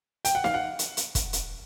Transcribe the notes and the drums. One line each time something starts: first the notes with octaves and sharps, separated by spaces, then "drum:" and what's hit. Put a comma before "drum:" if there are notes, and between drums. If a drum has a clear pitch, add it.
G5, drum: hi-hat
F#5
F5, drum: snare
F#5
drum: hi-hat
drum: hi-hat
drum: kick, hi-hat
drum: hi-hat